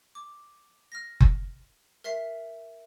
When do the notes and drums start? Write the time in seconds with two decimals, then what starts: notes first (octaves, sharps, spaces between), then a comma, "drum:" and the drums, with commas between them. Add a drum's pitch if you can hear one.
0.15 D6
0.92 F6 A#6
1.20 drum: kick F#1
2.04 A#4 E5 B6 C7